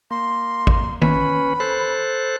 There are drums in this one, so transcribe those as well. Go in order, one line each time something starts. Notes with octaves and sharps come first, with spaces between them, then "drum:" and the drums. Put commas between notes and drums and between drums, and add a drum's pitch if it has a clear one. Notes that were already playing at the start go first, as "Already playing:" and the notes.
A#3 C6
drum: kick A1
C#4 B4 B5, drum: tom D#3
A4 C5 F#6